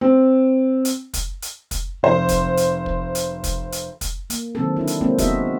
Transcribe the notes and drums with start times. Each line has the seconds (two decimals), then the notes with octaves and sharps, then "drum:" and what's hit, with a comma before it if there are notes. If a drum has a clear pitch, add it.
0.01 C4
0.85 drum: hi-hat
1.14 drum: kick, hi-hat
1.42 drum: hi-hat
1.71 drum: kick, hi-hat
2.03 F1 C5
2.29 drum: kick, hi-hat
2.57 drum: hi-hat
2.86 drum: kick
3.15 drum: hi-hat
3.44 drum: kick, hi-hat
3.72 drum: hi-hat
4.01 drum: kick, hi-hat
4.30 A#3, drum: hi-hat
4.55 D3 D#3 F#3 A#3 C4 A4
4.77 D4 E4
4.87 drum: hi-hat
5.01 G#3 A#3 C4 D4 F4
5.18 B3 D#4 F#4 G4 D#5 E5, drum: kick, hi-hat